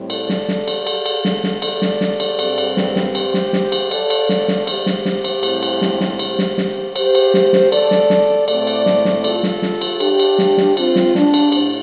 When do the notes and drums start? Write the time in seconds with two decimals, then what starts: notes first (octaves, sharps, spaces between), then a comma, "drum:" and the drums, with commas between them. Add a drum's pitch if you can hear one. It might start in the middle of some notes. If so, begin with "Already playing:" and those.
Already playing: A2 G3 C4
0.10 A4 D5, drum: cymbal
0.29 drum: snare
0.48 drum: snare
0.68 drum: cymbal
0.87 drum: cymbal
1.06 drum: cymbal
1.25 drum: snare
1.44 drum: snare
1.62 A4 D5, drum: cymbal
1.82 drum: snare
2.01 drum: snare
2.20 drum: cymbal
2.39 G2 G3 C4, drum: cymbal
2.58 drum: cymbal
2.77 drum: snare
2.96 drum: snare
3.15 G4 C5, drum: cymbal
3.34 drum: snare
3.53 drum: snare
3.72 drum: cymbal
3.91 A4 D5, drum: cymbal
4.10 drum: cymbal
4.29 drum: snare
4.48 drum: snare
4.67 G4 C5, drum: cymbal
4.86 drum: snare
5.05 drum: snare
5.24 drum: cymbal
5.43 A2 G3 C4, drum: cymbal
5.63 drum: cymbal
5.82 drum: snare
6.01 drum: snare
6.19 G4 C5, drum: cymbal
6.39 drum: snare
6.58 drum: snare
6.96 G4 C5, drum: cymbal
7.15 drum: cymbal
7.34 drum: snare
7.53 drum: snare
7.72 A4 D5, drum: cymbal
7.91 drum: snare
8.10 drum: snare
8.48 A2 A3 C4 A4 D5, drum: cymbal
8.67 drum: cymbal
8.86 drum: snare
9.05 drum: snare
9.24 F4 A4, drum: cymbal
9.43 drum: snare
9.62 drum: snare
9.81 drum: cymbal
10.00 D4 G4, drum: cymbal
10.19 drum: cymbal
10.38 drum: snare
10.58 drum: snare
10.77 C4 F4, drum: cymbal
10.96 drum: snare
11.15 D4, drum: snare
11.34 drum: cymbal
11.52 A2 C4, drum: cymbal